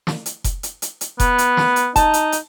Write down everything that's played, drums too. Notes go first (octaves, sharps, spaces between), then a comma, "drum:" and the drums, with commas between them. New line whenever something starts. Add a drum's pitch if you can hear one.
drum: snare
drum: hi-hat
drum: kick F1, hi-hat
drum: hi-hat
drum: hi-hat
drum: hi-hat
B3, drum: kick F1, hi-hat
drum: hi-hat
drum: snare
drum: hi-hat
D#4 A5, drum: kick F1, hi-hat
drum: hi-hat
drum: hi-hat